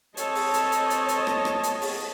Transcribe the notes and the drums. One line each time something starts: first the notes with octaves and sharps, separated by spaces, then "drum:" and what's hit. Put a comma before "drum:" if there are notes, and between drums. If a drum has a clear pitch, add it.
C4 A4 C#5 D#5 A5, drum: hi-hat
drum: open hi-hat
drum: hi-hat
drum: hi-hat
drum: hi-hat
drum: hi-hat
drum: rim click
drum: rim click
drum: hi-hat
drum: open hi-hat